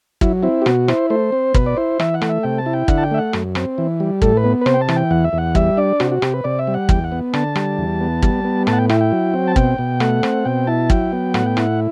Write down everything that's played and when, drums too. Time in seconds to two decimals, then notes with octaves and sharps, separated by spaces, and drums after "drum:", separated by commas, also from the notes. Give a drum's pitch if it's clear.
0.21 F#3 E4, drum: kick
0.43 C4 E4
0.62 G4
0.66 B2 F#4, drum: rim click
0.88 E4 C5, drum: rim click
1.10 A3 C5
1.32 C4
1.54 B2 B4, drum: kick
1.66 D5
1.77 E4 C5
1.99 E3 E5, drum: rim click
2.14 F#5
2.21 A3, drum: rim click
2.29 E5
2.43 C3 G5
2.58 A5
2.66 E4
2.73 G5
2.88 D3 F#5, drum: kick
2.98 A5
3.03 G5
3.11 A3 E5
3.18 F#5
3.33 F#2, drum: rim click
3.55 C4, drum: rim click
3.78 E3
4.00 G3
4.22 A2 A4, drum: kick
4.37 B4
4.44 B3
4.61 B4
4.66 C3 C5, drum: rim click
4.74 G5
4.81 A5
4.89 E3, drum: rim click
4.96 G5
5.11 E2 F#5
5.24 E5
5.33 E2 F#5
5.55 G3 E5, drum: kick
5.77 D4 D5
6.00 C3 F#4, drum: rim click
6.12 F#4
6.22 C3 G4, drum: rim click
6.34 B4
6.44 C3 D5
6.59 E5
6.67 G3
6.74 F#5
6.89 E2 G5, drum: kick
7.04 F#5
7.12 B3
7.33 D3 A5, drum: rim click
7.55 G3, drum: rim click
7.78 E2
8.00 B3
8.22 G3, drum: kick
8.44 B3
8.67 A2 A5, drum: rim click
8.73 F#5
8.78 G5
8.89 E4 G5, drum: rim click
9.01 G5
9.12 F#3
9.34 C4
9.47 A5
9.56 B2 G5, drum: kick
9.78 B2
10.00 A3 F#5, drum: rim click
10.23 C4, drum: rim click
10.45 B2 G5
10.67 E4 A5
10.90 F#3 G5, drum: kick
11.12 B3
11.34 A2 F#5, drum: rim click
11.46 G5
11.57 E4 F#5, drum: rim click